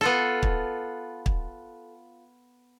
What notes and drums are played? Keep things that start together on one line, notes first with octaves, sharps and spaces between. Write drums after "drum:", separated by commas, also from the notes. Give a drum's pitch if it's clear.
B3 F4 A4
drum: kick
drum: kick